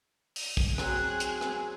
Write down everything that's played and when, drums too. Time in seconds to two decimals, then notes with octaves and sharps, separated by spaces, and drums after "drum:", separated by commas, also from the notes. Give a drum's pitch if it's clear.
0.36 drum: open hi-hat
0.57 drum: kick
0.78 F#3 C4 G#4 F#6, drum: rim click
1.20 drum: hi-hat
1.41 drum: rim click